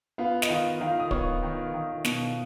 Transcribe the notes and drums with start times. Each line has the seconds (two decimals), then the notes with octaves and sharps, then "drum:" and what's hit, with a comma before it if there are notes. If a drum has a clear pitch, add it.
0.18 B3 F4 F5
0.42 D#5, drum: snare
0.49 D#3 F4 F5
0.80 D#3 F4 F5
1.00 D#6
1.11 B3 C#5 C#6, drum: kick
1.43 D#3
1.74 D#3
2.05 B2, drum: snare